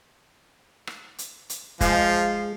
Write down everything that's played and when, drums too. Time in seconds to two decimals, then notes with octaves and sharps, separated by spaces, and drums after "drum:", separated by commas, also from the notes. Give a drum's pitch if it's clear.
0.87 drum: rim click
1.18 drum: hi-hat
1.50 drum: hi-hat
1.81 F3 G#3 F5, drum: kick F1, hi-hat